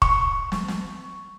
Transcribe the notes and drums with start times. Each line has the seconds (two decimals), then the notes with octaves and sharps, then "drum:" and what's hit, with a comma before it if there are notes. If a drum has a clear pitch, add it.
0.02 C#6, drum: kick D#1
0.52 drum: snare
0.68 drum: snare